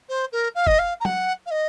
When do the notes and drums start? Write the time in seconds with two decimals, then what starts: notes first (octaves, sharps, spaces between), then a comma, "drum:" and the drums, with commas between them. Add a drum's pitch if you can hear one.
0.09 C5
0.32 A#4
0.55 F5
0.67 D#5, drum: kick
0.79 F5
1.00 A#5
1.05 F#5, drum: tom
1.46 F5
1.51 D#5